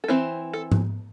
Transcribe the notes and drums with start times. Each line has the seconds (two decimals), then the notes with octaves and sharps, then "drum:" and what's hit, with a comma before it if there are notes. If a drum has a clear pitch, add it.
0.04 A4
0.08 E3 C4 E4 C5
0.53 A4
0.72 drum: tom G#2